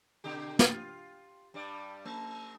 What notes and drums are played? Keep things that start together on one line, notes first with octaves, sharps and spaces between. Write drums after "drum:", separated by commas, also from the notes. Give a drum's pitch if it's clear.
B2 D3 G4
F4, drum: snare
G2 G3 D5
A3